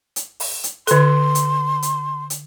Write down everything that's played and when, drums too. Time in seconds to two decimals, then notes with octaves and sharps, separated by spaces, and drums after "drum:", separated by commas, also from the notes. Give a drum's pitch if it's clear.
0.16 drum: hi-hat
0.40 drum: open hi-hat
0.64 drum: hi-hat
0.87 D3 A4 C6, drum: hi-hat
1.35 drum: hi-hat
1.82 drum: hi-hat
2.30 drum: hi-hat